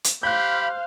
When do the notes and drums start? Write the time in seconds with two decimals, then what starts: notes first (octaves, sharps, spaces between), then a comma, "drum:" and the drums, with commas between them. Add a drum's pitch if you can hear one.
0.04 drum: hi-hat
0.23 G4 C5 F5 B5 F#6 G6